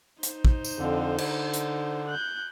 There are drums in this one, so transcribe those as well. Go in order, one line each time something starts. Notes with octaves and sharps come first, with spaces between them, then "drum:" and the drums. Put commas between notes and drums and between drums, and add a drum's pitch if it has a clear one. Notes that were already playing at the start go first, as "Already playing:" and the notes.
D#4 C5, drum: hi-hat
drum: kick
drum: tambourine
F2 D3
D3, drum: cymbal
drum: hi-hat
F#6 G6